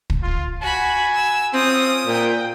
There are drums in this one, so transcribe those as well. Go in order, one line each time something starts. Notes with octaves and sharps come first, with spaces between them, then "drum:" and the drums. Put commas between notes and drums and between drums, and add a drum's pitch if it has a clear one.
drum: kick
F4
F#4 G#5 B5
E6
C4 C#4 F4 D#6
A#2 G5